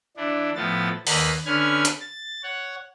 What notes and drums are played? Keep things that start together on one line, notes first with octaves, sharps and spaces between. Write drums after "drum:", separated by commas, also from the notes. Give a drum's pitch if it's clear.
E3 D4
A2 F3 B3 A6
D#2 A#3 B4 B5 D#6, drum: open hi-hat
D3 C#4 B4 F6 G#6
drum: hi-hat
A6
C#5 F#5